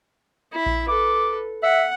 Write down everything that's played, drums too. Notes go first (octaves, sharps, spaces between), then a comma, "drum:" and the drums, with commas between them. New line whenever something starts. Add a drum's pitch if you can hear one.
E4 E5
drum: kick A#1
A4 B4 D6
E5 F#5